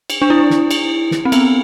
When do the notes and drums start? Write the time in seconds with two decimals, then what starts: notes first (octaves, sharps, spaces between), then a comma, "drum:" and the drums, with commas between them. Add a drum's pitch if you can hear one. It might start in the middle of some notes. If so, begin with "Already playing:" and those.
0.10 drum: cymbal
0.22 D4
0.30 E4
0.50 drum: snare
0.71 drum: cymbal
1.11 drum: snare
1.25 C4
1.32 B3, drum: cymbal